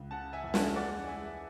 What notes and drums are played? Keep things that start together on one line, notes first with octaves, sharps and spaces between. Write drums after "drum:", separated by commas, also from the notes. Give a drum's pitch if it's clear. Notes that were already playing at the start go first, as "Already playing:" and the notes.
Already playing: C#2
C#3 F#5 A5
E5 G#5
E2
F#5 A5, drum: snare
G#3 D5 F#5
G#3 E5 G#5